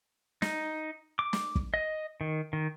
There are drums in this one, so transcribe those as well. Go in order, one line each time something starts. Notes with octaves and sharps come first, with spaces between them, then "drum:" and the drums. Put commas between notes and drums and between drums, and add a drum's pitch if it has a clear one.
D#4, drum: snare
D6
drum: snare
drum: kick
D#5
D#3
D#3